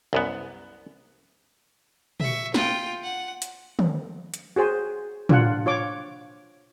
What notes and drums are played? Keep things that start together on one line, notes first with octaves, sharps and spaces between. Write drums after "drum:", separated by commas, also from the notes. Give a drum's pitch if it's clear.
C2 F#2 B3
E5 C#6, drum: tom
F4 G5, drum: snare
F#5
drum: hi-hat
drum: tom
drum: hi-hat
F#4 G#4 C5 G#5
D4 F4 F#5, drum: tom
F4 C#5 D6